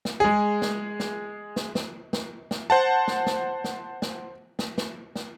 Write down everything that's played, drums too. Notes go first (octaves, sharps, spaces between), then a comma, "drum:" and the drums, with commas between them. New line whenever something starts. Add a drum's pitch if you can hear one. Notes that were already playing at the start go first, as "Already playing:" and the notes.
drum: snare
G#3 G#4
drum: snare
drum: snare
drum: snare
drum: snare
drum: snare
drum: snare
C5 F#5 A5
drum: snare
drum: snare
drum: snare
drum: snare
drum: snare
drum: snare
drum: snare